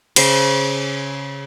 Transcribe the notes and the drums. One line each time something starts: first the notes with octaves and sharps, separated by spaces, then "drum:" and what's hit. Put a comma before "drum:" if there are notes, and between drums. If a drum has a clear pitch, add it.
C#3 C5, drum: cymbal